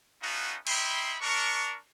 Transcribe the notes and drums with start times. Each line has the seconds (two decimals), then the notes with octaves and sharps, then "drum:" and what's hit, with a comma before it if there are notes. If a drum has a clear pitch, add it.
0.23 A3 B3 C#4 D#4 F4 F#4
0.67 D#4 E4 G5 B5 C6, drum: cymbal
1.21 D4 A#4 C#6